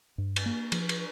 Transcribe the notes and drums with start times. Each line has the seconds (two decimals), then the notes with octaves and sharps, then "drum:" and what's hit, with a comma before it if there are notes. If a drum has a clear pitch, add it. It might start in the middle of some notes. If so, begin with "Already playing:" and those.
0.18 G2
0.36 drum: cymbal
0.46 A#3
0.72 F3, drum: cymbal
0.89 drum: cymbal